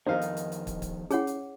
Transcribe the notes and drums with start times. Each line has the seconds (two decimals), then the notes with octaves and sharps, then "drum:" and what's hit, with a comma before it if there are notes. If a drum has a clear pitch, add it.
0.07 F2 D#3 D#4 C5 F5
0.22 drum: hi-hat
0.37 drum: hi-hat
0.52 drum: hi-hat
0.67 drum: kick, hi-hat
0.82 drum: kick, hi-hat
1.11 C#4 E4 G#4 C#5 F#5, drum: hi-hat
1.27 drum: hi-hat